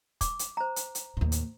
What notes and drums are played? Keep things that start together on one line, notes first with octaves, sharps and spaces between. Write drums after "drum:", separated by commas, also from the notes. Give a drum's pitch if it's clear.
D6, drum: kick, hi-hat
drum: hi-hat
C5 A#5
drum: hi-hat
drum: hi-hat
D#2 A2
drum: hi-hat